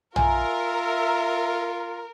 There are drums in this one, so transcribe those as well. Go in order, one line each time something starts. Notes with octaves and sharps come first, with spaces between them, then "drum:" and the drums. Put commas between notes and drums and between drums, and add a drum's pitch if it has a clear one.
F4 A#4 E5 G#5, drum: tom A#1